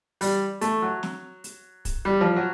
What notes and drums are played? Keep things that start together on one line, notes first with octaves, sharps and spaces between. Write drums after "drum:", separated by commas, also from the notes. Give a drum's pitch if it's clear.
G3, drum: open hi-hat
A3, drum: hi-hat
F#3
drum: snare
drum: hi-hat
drum: kick, hi-hat
G3
F3
F#3